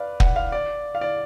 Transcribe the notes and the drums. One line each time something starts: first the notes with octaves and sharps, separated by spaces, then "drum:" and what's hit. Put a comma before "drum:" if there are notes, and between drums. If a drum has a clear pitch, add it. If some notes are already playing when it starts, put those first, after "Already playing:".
Already playing: B4 D5 F5
F#5, drum: kick
F5
D5
F5
D5